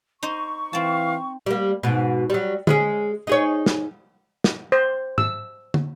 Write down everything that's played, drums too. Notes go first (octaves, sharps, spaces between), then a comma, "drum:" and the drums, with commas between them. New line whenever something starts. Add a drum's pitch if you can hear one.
D#4 C5 D#5 C#6
E3 C4 F5 A5
G3 A#3
G#2 B2
F#3 G3
G#3 C#4 G#4, drum: tom D3
D#4 G#4 C#5
drum: snare
drum: snare
C5
E6, drum: tom G#2
drum: tom